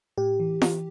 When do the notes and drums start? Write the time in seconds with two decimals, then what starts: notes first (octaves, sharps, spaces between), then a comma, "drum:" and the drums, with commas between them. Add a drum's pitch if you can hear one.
0.18 A2 G4
0.40 E3
0.62 E3, drum: snare F4